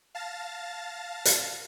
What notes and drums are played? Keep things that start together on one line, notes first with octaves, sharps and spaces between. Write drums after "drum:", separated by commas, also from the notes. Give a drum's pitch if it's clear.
F5 A5 A6 A#6
drum: hi-hat